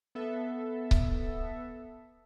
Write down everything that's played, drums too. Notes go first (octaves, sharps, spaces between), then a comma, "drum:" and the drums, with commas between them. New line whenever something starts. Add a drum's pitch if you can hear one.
B3 A4 E5
drum: kick C#1